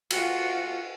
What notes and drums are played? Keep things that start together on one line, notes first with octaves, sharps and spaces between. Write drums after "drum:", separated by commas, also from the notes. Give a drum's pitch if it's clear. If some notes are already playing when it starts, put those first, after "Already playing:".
F4 F#4, drum: cymbal